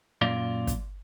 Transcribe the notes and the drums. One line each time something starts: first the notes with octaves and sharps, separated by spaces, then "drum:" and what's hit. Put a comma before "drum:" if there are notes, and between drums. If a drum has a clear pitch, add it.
F#2 A#2 F4 D5
drum: kick, hi-hat